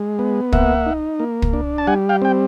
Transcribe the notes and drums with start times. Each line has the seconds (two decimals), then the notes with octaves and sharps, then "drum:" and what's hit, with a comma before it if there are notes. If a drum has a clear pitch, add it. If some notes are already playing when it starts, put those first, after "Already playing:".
Already playing: G#3
0.19 B3
0.52 A#3 E5 F#5, drum: kick
0.86 D#4
1.20 A#3
1.42 drum: kick
1.53 D4
1.78 A5
1.87 G3 F#5 G#5
2.09 F5 G5
2.22 C4 G5